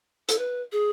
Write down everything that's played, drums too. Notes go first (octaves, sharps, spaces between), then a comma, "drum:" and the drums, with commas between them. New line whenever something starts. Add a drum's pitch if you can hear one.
A4, drum: hi-hat
B4
G#4